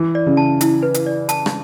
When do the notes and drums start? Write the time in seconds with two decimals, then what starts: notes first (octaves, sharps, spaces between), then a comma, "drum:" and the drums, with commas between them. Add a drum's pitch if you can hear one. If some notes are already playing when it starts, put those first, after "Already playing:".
Already playing: E3
0.15 D5
0.26 C#3
0.37 A5
0.61 E4, drum: hi-hat
0.83 B4
0.94 drum: hi-hat
1.06 D5
1.29 A5, drum: hi-hat
1.46 drum: rim click